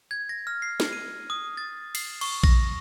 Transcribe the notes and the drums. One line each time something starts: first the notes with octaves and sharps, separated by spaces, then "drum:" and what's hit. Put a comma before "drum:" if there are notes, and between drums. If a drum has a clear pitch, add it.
G#6
A#6
F6
C7
drum: snare
D#7
D#6
A6
C7, drum: cymbal
C#6, drum: cymbal
A#6, drum: kick A#1